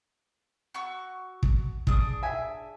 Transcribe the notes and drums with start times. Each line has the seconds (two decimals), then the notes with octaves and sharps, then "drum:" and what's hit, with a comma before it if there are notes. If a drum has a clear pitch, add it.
0.75 F#4 C#6 E6
1.43 drum: kick
1.87 D4 G#4 D#6, drum: kick
2.23 E5 G#5